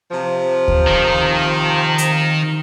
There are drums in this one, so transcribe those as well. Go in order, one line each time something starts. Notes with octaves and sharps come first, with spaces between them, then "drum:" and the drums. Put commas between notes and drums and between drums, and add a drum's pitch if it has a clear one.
C3 F3
drum: kick D2
D#3
drum: hi-hat